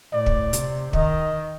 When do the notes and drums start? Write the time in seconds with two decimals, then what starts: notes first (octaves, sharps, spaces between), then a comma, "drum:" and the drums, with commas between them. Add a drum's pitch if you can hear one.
0.12 A2 D5
0.26 drum: kick
0.53 C3, drum: hi-hat
0.93 D#3 D#5, drum: kick